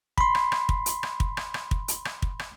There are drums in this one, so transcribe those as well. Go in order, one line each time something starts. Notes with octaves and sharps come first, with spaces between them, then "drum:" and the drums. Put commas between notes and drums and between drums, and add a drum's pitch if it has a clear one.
B5 C6, drum: kick
drum: rim click
drum: rim click
drum: kick
drum: hi-hat
drum: rim click
drum: kick
drum: rim click
drum: rim click
drum: kick
drum: hi-hat
drum: rim click
drum: kick
drum: rim click